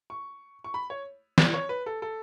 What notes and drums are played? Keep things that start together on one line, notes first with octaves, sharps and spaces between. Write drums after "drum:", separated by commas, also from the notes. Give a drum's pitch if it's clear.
C#6
C#6
B5
C#5
D5, drum: snare
C#5
B4
A4
A4